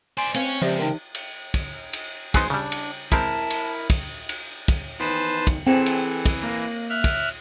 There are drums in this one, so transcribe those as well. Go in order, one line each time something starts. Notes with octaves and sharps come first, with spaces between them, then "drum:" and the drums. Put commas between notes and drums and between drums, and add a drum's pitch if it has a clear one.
C5 D5 G#5 C6
C4 C#4 B4 C#5 F5, drum: cymbal
C#2 F3 G4 C5 D5 E5
E3 D#4 A#4 G5
drum: cymbal
drum: kick, cymbal
drum: cymbal
F#3 B3 D#4 G#4 C5, drum: kick, cymbal
C#3 G3 D4
drum: cymbal
G#3 C4 E4 A#4 A5, drum: kick, cymbal
drum: cymbal
drum: kick, cymbal
drum: cymbal
drum: kick, cymbal
E2 D#3 B4 C5 A5
drum: kick, cymbal
E3 C4 G#4 A4 G5
drum: cymbal
drum: kick, cymbal
A#3 A#4
E5 F6 F#6
drum: kick, cymbal